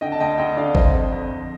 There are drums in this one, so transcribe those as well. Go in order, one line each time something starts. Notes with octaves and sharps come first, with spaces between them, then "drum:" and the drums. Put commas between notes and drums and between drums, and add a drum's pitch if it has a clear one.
D3 D#5 G5
A5
D2 D#5 G5
D2 D#5 G5
D3 D5 F5
F2 C5 D#5, drum: kick G#1
F2
F2
F2